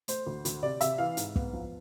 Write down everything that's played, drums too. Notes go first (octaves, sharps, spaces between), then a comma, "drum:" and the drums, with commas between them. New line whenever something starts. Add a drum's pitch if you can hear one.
A3 C5, drum: hi-hat
D2
D2, drum: hi-hat
C3 D5
C3 E5, drum: hi-hat
E3 F5
G#2, drum: hi-hat
B3, drum: kick
F3